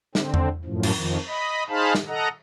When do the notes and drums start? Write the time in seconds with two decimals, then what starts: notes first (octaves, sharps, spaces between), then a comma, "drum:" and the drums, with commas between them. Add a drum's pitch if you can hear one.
0.15 D3 C4, drum: snare
0.34 drum: tom E2
0.65 F#2 A2 F3
0.83 drum: cymbal
0.96 F2 D#3 F3
1.28 D#5 B5
1.69 D#4 G#4 C5 F5 A5 B5
1.95 drum: snare
2.08 A4 D#5 F#5 A#5